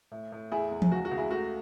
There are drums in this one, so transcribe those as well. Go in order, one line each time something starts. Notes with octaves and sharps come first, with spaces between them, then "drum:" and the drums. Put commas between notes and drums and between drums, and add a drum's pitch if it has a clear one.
A2
A2
E2 E4 G#4
E2
drum: tom E3
C#2 F#4
F#4
C#2
E4 G#4
A3 F#4